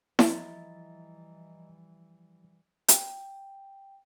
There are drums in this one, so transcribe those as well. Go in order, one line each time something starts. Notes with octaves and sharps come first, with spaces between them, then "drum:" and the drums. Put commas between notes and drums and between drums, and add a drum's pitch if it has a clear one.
E3 F3 G3 E4 D#5 A#5 A6, drum: snare E4
G5, drum: hi-hat